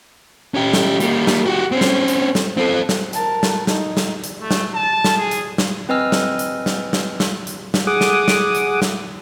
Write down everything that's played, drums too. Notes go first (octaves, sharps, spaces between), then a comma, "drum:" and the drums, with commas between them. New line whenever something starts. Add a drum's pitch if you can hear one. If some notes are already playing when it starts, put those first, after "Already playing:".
C#4 G4
drum: snare
G3 A#3, drum: hi-hat
drum: snare
F#4 G4
C4 C#4
drum: snare
drum: hi-hat
drum: snare
C4 A4
drum: snare
A#4 A5, drum: hi-hat
drum: snare
D#4, drum: snare
drum: snare
drum: hi-hat
A3
drum: snare
A5
drum: snare
G#4
drum: hi-hat
drum: snare
C4 B4 D#5 G#5 E6 F6
drum: snare
drum: hi-hat
drum: snare
drum: snare
drum: snare
drum: hi-hat
drum: snare
G#4 F#5 D6 D#6
drum: snare
drum: snare
drum: hi-hat
drum: snare